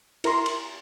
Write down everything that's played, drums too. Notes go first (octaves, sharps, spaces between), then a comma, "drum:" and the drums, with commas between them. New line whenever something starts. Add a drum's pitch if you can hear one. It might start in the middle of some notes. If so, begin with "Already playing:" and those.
E4 A#4 A#5 C6, drum: cymbal
drum: cymbal